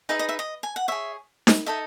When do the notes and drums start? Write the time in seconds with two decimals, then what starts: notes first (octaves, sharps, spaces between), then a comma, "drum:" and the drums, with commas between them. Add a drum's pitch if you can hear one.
0.09 D#4 G#4 B4 D#5 E5
0.19 D#5
0.29 E5
0.39 D#5
0.63 G#5
0.76 F#5
0.88 G#4 C#5 E5
1.47 drum: snare D#4
1.66 D#4 A4 D#5 E5